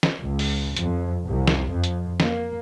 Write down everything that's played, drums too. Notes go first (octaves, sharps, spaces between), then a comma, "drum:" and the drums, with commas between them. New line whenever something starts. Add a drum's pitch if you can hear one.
drum: snare
C#2
drum: open hi-hat
F2, drum: hi-hat
C2
drum: snare
F2
drum: hi-hat
A#3, drum: snare